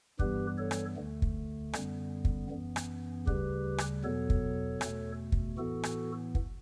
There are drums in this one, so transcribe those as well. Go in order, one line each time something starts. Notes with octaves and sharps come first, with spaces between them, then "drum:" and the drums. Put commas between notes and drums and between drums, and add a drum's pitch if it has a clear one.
G2 E3 G3 B3 G4 B4, drum: kick
A4 C#5
drum: rim click
D2 D3 A3
drum: kick
F#2 D3 G3 B3, drum: rim click
drum: kick
F#2 E3 B3
drum: rim click
D2 C#3 G3 G4 B4, drum: kick
drum: rim click
E2 B2 F#3 B3 A4 C#5
drum: kick
E2 B2 A3, drum: rim click
drum: kick
A2 E3 B3 F#4 A4
drum: rim click
drum: kick